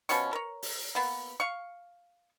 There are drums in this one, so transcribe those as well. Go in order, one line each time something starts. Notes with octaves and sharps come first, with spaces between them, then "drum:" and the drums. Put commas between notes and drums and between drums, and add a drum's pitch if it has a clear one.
B2 F3 C#4 C#6, drum: hi-hat
A#4 C#5
drum: open hi-hat
A#3 B3
F5 C#6